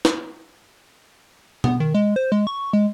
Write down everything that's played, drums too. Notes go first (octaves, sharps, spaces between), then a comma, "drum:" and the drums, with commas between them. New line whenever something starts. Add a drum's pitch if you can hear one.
drum: snare
B3, drum: tom B2
D#3
G#3
C5
G#3
C#6
G#3